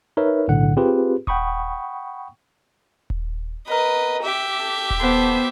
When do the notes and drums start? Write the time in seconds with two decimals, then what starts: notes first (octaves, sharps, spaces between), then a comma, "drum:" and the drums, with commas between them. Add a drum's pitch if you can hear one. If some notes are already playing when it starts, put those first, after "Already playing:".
0.17 D#4 A#4 B4 C#5 E5
0.48 B1 A2 D3 F#5
0.77 C4 F4 G4 G#4 B4
1.27 F#5 G5 B5 C#6 D#6, drum: kick D#1
3.10 drum: kick D#1
3.68 B3 A#4 B4 D#5
4.23 G4 E5
4.59 A4
4.90 drum: kick D#1
5.00 B3 A4 C5 F#5